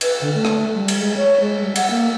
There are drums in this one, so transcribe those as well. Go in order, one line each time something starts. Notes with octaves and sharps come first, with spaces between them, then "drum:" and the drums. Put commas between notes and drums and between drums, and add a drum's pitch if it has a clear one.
B4, drum: cymbal
D3
A3
drum: rim click
G3
drum: cymbal
G#3
C#5
G#3
G3
F#5, drum: cymbal
A#3